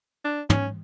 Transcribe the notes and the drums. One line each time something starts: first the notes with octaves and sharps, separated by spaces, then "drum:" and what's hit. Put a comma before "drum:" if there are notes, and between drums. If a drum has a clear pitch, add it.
D4
C#4, drum: tom